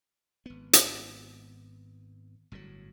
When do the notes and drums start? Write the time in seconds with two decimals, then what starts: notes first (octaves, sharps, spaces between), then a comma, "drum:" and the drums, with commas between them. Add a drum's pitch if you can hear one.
0.46 G#1 B3
0.73 drum: hi-hat
2.52 G1 A2 C#3 F#3